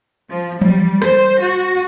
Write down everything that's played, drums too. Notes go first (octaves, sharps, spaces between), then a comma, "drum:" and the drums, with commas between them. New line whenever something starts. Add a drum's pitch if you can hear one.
F3
G3, drum: tom E3
C5, drum: rim click
F#4